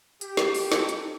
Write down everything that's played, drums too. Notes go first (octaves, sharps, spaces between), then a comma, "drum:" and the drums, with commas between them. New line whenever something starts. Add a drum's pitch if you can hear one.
G4, drum: hi-hat
drum: snare
drum: open hi-hat
D#4 A4, drum: snare
drum: hi-hat